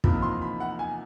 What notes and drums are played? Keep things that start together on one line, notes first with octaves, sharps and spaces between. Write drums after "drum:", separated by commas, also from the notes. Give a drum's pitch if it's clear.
E2 C3 F3 A#3 D#4 B5, drum: kick
C6
B5
F#5
G#5